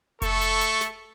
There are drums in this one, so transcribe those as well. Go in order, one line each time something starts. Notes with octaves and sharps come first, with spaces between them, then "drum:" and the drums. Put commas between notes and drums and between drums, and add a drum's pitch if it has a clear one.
A3 A4 C#6, drum: kick F1, hi-hat
drum: hi-hat
drum: hi-hat
drum: snare